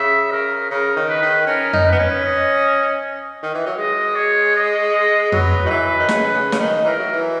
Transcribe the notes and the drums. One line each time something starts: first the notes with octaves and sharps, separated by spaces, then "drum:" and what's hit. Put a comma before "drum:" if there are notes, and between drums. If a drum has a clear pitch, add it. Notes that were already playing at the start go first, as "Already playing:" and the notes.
Already playing: C#3 E5
C#3 A#4
C#3 A#4
D#3
B4
D#3
C#4 A#4
D#4, drum: tom F2
B4
B3
C#4
D#5
D#3
E3
F#3
G#3 D#5
C#5
D#5
F#3 B4, drum: tom F2
D#3
E3
D#3
C#3, drum: snare
C#3
C#3, drum: snare
D#3
E3 A#4
F#3
E3